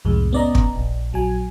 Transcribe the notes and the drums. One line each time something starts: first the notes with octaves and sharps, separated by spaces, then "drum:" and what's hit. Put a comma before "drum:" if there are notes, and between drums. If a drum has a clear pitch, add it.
C2 F2 A2 G#3
B3 C#4 D5 D#5 A#5
drum: kick
A#1
A#1 F#3 G#5